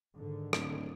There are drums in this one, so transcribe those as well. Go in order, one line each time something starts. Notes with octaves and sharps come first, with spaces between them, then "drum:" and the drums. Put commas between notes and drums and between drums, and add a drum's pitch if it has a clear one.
G#2 D3 D#3
D1, drum: rim click